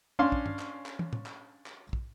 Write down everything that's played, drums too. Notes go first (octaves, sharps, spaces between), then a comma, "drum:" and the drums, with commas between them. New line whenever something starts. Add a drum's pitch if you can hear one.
C#4 D4 F5 C6
drum: kick
drum: tom G2
drum: clap
drum: clap
drum: tom
drum: tom
drum: clap
drum: clap
drum: kick